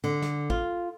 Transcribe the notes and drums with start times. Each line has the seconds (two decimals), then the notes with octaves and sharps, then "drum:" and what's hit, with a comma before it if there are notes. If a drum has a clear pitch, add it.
0.04 D3, drum: cymbal
0.22 drum: snare
0.50 F4, drum: kick